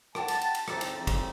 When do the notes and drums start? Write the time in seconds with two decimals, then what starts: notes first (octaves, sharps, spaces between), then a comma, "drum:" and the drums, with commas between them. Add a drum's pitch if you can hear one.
0.15 F#5 G5 A5, drum: rim click
0.28 drum: cymbal
0.41 drum: cymbal
0.55 drum: cymbal
0.68 G#1 A2 C4 A5 A#5, drum: rim click
0.81 drum: cymbal
0.98 F2 C#3 G3 C4 D#4
1.07 drum: kick, cymbal